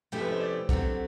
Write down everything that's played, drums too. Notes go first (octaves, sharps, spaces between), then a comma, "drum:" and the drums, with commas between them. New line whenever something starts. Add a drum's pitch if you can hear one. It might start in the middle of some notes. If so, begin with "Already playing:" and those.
C3 F3 A3 C#4 E4 G4
B4
C5
D5
D3 F#3 A3 C4, drum: kick